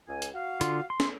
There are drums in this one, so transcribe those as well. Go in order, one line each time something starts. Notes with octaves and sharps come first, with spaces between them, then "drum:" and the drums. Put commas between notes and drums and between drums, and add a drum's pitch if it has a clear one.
C#2 G#5
drum: hi-hat
F#4 F5
D3 F4 C6, drum: hi-hat
C6
drum: snare